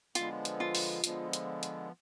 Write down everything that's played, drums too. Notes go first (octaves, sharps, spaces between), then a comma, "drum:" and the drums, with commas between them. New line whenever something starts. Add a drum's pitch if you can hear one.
D3 F3 G#3 B3 F4, drum: hi-hat
drum: hi-hat
F4
drum: open hi-hat
D3 F3 G#3 B3, drum: hi-hat
drum: hi-hat
drum: hi-hat